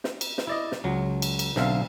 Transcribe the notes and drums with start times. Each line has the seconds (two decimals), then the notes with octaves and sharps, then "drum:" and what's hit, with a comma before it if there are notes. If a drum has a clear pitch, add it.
0.04 drum: snare
0.21 drum: cymbal
0.38 drum: snare
0.47 E4 D5 D#5
0.72 drum: snare
0.84 C#2 F#3
1.22 drum: cymbal
1.39 drum: cymbal
1.56 B1 D3 C4 E5 F5, drum: snare